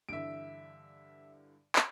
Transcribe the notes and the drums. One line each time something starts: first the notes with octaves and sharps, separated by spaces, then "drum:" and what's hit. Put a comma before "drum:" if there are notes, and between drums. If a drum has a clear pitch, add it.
G2 D3 E3 E5 D7
drum: clap